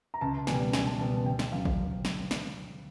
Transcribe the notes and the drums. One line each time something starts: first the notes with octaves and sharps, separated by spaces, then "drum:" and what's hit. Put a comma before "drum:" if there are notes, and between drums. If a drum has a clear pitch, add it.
A#5
C#2 A5
B2 G3 G#5, drum: snare
C#2 G#5, drum: snare
A5
B2 G3 A5
D2 G5
drum: snare
C#3 F#3 F5
drum: kick A1
drum: snare
drum: snare